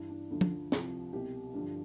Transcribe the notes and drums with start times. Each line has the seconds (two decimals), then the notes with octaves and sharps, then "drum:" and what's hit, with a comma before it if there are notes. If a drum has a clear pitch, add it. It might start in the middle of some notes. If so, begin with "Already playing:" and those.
Already playing: G2 E3
0.10 D4
0.31 D2 D3 F3
0.41 drum: tom F3
0.72 C2 C3 F3, drum: snare
1.13 C2 B2 G4
1.54 G2 D3 F3